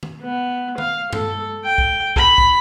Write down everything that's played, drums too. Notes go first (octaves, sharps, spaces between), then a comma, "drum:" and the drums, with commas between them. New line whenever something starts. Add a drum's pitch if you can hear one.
drum: tom
B3
F5, drum: tom
A4, drum: tom G2
G5
drum: kick
B5, drum: kick
drum: kick